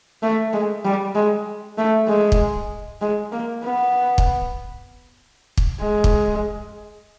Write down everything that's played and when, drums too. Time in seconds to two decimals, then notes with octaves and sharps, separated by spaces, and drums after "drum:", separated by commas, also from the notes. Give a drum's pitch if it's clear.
0.23 A3
0.53 G#3
0.85 G3
1.15 G#3
1.78 A3
2.08 G#3
2.32 drum: kick
3.01 G#3
3.32 A#3
3.64 B3
4.18 drum: kick
5.57 drum: kick
5.80 G#3
6.04 drum: kick